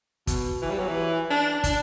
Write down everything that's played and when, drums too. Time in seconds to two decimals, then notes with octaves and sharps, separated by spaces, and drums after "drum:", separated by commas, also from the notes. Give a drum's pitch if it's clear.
0.27 B2, drum: kick, hi-hat
0.62 E3
0.70 G3
0.78 F#3
0.87 E3
1.31 D4
1.64 D4, drum: kick, hi-hat